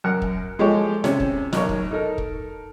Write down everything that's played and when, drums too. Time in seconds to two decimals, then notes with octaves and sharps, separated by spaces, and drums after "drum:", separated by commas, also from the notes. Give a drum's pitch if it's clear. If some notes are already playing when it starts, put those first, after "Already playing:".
0.04 F#2 A#4 F#5
0.22 drum: kick
0.59 F3 G#3 G4 A4 C#5
1.04 C3 C#4, drum: snare
1.20 drum: kick
1.53 B1 A#4 C#5, drum: snare
1.69 drum: kick
1.91 D#4 A4 A#4
2.18 drum: kick